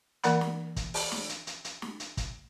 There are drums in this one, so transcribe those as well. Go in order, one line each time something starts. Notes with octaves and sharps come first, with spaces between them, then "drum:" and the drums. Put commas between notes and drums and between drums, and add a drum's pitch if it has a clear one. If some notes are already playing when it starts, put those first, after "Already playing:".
E3 A#3 A#4 D5 F#5 B5, drum: hi-hat
drum: snare
drum: kick, hi-hat
drum: open hi-hat
drum: snare
drum: hi-hat
drum: hi-hat
drum: hi-hat
drum: snare
drum: hi-hat
drum: kick, hi-hat